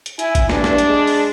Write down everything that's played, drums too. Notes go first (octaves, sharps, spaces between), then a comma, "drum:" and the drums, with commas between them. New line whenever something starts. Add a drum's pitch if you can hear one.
drum: hi-hat
E4 G#5, drum: hi-hat
drum: kick, hi-hat
G2 D4, drum: snare
drum: snare
drum: hi-hat
G#3
drum: open hi-hat